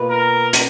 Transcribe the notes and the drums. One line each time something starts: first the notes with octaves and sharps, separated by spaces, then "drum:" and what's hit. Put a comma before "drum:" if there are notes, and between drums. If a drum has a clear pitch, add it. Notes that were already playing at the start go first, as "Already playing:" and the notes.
Already playing: B2 A#3 F4 B4
A#4
drum: hi-hat